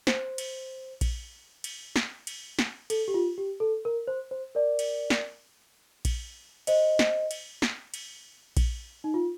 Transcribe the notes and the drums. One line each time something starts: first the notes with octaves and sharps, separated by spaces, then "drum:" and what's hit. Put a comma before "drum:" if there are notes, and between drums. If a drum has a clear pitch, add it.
C5, drum: snare
drum: cymbal
drum: kick A#1, cymbal
drum: cymbal
drum: snare
drum: cymbal
drum: snare
A4, drum: cymbal
G4
F4
G4
A4
A#4
C5
C5
A#4 D5
drum: cymbal
drum: snare
drum: kick A#1, cymbal
C5 D#5, drum: cymbal
drum: snare
drum: cymbal
drum: snare
drum: cymbal
drum: kick A#1, cymbal
D#4
F4